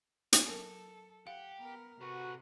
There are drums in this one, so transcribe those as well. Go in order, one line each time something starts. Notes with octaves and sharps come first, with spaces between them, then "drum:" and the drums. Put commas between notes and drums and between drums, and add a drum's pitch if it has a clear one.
drum: hi-hat
F#3 A4 A#4 G#5
G4 F5 F#5
B3 A#4
C3 F#4 A4 B4